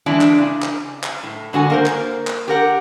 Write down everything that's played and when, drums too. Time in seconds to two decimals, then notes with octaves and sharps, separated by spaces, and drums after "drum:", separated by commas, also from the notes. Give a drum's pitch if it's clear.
0.06 E3 G#3 D4 E4
0.21 drum: clap
0.38 C#3
0.62 drum: clap
1.04 drum: clap
1.23 A2
1.53 G#2 D3 F#4 G#5
1.70 A#3 A#4 C5
1.86 drum: clap
2.27 drum: clap
2.48 G4 A#4 F#5